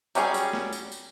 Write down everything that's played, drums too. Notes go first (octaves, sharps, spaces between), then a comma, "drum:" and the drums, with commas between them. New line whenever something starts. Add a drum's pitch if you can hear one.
F#3 G3 C#4 F#4 G#4, drum: tambourine
drum: tambourine
drum: snare
drum: tambourine
drum: tambourine